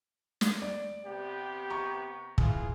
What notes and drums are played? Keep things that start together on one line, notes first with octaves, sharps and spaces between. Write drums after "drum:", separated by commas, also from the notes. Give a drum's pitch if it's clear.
drum: snare
D5
C3 B3 G4
A#5 C#6
E3 F4 G#4, drum: kick